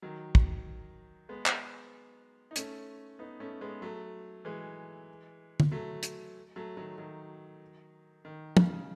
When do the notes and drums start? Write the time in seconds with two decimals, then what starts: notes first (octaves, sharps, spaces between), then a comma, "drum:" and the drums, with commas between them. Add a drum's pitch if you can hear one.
0.02 D#3 F#3
0.35 drum: kick
1.29 G#3 B3
1.46 drum: clap
2.51 D#4
2.56 A3 C#4, drum: hi-hat
3.19 B3 D#4
3.40 A3 C#4
3.61 G#3 B3
3.82 F#3 A3
4.45 E3 G#3
5.60 drum: tom
5.72 F#3 A3
6.03 drum: hi-hat
6.56 F#3 A3
6.77 D#3 F#3
6.98 D#3 F#3
8.25 D#3
8.57 C#3, drum: tom